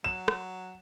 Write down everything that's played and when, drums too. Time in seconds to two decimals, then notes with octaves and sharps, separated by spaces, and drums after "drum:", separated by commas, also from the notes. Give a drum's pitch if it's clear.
0.04 F#3 E7
0.28 drum: rim click